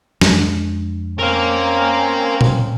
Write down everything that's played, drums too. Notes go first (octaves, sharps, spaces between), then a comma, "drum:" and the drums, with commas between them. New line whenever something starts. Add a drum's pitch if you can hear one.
F2 G#3 D4, drum: snare
C4 C#4 A#4 F5
drum: tom A#2